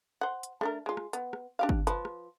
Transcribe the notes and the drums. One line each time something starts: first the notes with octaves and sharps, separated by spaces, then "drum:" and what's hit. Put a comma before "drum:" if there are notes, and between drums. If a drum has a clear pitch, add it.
C5 F#5
drum: hi-hat
A3 D4 A#4, drum: rim click
G#3 F4
drum: rim click
B3, drum: hi-hat
drum: rim click
D4 G4 F5
drum: kick
F3 B4, drum: hi-hat
drum: rim click